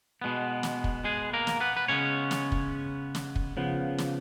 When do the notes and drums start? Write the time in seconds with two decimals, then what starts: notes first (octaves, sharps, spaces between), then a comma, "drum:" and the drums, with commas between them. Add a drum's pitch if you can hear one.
0.22 B2 G#3 B3
0.63 drum: snare
0.84 drum: kick
1.04 G#3 G#4
1.33 A#3 A#4
1.47 drum: snare
1.60 B3 B4
1.77 B4
1.88 C#3 G#3 B3 C#4 C#5
2.31 drum: snare
2.52 drum: kick
3.15 drum: snare
3.36 drum: kick
3.57 C#3 F3 B3
3.98 drum: snare